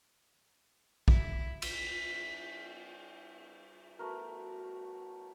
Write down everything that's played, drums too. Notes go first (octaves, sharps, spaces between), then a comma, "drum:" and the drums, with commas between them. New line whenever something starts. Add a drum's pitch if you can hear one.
E4, drum: kick A#1
B6, drum: cymbal
A3 B3 F#4 A#4